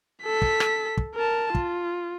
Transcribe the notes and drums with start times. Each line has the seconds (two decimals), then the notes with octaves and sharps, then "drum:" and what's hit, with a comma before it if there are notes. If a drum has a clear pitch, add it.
0.23 A4 B6
0.42 drum: kick
0.60 drum: rim click
0.97 drum: kick
1.15 A#4 A5
1.55 F4, drum: kick